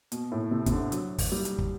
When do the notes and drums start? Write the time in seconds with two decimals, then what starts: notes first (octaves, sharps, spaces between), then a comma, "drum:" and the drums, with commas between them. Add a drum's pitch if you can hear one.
0.12 B2, drum: hi-hat
0.32 A2
0.51 C3
0.66 C3, drum: kick, hi-hat
0.72 D3
0.92 F#3, drum: hi-hat
1.18 drum: kick, open hi-hat
1.32 G3
1.45 drum: hi-hat
1.58 drum: kick